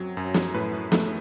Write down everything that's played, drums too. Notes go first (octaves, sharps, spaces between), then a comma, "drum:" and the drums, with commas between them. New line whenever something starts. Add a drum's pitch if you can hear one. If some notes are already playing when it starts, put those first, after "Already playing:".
Already playing: F#2 F#3 C4
F#2
drum: snare
A2 B4
A3, drum: snare